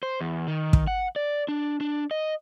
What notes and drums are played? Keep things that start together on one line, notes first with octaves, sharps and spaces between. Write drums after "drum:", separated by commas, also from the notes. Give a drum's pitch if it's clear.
C5
E2
D#3
drum: kick
F#5
D5
D4
D4
D#5